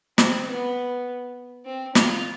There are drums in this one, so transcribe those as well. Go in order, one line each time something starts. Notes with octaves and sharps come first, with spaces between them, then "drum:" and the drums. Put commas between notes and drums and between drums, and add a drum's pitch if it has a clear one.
C4, drum: snare
B3
C4
F4, drum: snare